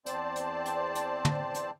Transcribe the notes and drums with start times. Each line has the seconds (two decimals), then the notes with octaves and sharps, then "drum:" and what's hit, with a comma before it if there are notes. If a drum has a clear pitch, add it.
0.06 E2 C4 C5 D5 A5, drum: hi-hat
0.36 drum: hi-hat
0.65 drum: hi-hat
0.95 drum: hi-hat
1.25 drum: tom
1.54 drum: hi-hat